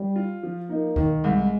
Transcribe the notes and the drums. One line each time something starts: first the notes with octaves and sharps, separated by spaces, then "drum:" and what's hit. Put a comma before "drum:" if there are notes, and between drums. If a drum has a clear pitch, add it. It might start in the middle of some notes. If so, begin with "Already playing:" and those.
Already playing: G3
F4
F3
A#3 D#4
D#3, drum: kick C#2
C2 G#3